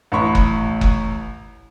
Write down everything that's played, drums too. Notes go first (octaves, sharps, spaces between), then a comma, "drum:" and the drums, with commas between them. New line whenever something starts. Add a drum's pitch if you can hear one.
A1 A#5 B5 C#6
drum: kick F#1
drum: kick F#1